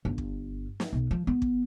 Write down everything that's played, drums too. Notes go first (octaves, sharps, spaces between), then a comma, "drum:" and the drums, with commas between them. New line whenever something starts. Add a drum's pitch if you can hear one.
G1
drum: kick
drum: snare
B1
F3
B3
drum: kick